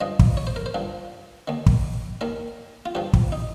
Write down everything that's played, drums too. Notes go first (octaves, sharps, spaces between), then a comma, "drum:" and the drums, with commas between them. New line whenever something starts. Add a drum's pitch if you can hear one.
G2 F3 D#5
drum: kick
C#5
C5
A#4
C5
G2 F3
D#2 D#3
drum: kick
D#2 D#3 A#4
F4
G2 F3 G4
drum: kick
D#4